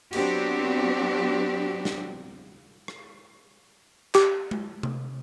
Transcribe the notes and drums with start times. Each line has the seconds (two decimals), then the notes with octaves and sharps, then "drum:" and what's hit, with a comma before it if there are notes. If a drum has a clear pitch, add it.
0.13 F#3 B3 C4 D4 F#4 G4, drum: cymbal
1.85 drum: snare
2.88 drum: rim click
4.15 G4, drum: clap
4.51 drum: tom G#3
4.83 drum: tom C3